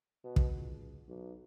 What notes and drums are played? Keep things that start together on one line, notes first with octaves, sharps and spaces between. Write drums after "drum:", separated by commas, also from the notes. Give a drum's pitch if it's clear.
B2
drum: kick
C#2
B1